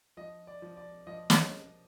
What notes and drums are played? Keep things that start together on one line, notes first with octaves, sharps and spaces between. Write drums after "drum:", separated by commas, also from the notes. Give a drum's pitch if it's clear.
F3 D#5
D5
F3
D5
F3 D#5
D#5, drum: snare